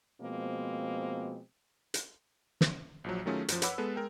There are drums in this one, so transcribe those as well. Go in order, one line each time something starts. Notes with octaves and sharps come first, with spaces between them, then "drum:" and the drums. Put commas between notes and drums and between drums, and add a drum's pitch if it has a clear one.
B2 F3 G#3 A#3 C4
drum: hi-hat
drum: snare
A#1 F3 F#3
D#3 F#3 A3 C#4 F4 G#4
F#2 F3, drum: hi-hat
B4 C#5 F#5 B5 D6 E6, drum: hi-hat
G#3 B3 A4 B4
G#3 A#4 G5